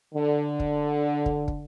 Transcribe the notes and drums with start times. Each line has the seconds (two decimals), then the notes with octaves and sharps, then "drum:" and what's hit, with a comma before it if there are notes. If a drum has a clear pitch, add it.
0.15 D3
0.60 drum: kick
1.26 drum: kick
1.48 drum: kick